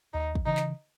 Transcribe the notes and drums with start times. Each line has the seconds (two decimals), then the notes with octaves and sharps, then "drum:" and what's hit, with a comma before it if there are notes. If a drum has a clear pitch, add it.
0.14 D#2 D#4
0.35 drum: kick
0.46 C#3 E3 D#4
0.57 drum: clap